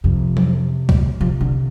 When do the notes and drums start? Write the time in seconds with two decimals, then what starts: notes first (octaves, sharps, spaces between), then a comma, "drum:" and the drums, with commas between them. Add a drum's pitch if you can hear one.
0.04 F2 C3
0.37 drum: tom F3
0.89 drum: kick C#2
1.20 C3 F3
1.41 D3